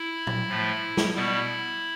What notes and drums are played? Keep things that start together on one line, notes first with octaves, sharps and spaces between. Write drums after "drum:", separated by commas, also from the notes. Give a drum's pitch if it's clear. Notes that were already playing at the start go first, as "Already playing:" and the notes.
Already playing: E4
drum: tom A#2
A2 F3 A3
drum: snare
B2 G3 B3 E4